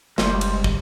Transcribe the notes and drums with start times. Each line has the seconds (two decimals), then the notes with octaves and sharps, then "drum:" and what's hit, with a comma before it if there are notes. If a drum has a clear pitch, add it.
0.18 F#1 C#2 G3 C5, drum: snare
0.41 drum: cymbal
0.64 drum: kick